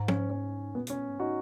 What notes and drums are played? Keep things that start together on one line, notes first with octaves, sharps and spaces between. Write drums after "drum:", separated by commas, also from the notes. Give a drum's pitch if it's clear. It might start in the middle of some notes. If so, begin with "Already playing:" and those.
Already playing: G#2
C#4, drum: tom
C#4
A#2 B3
B2 C#4, drum: hi-hat
A#2
G#2
D#4 F#4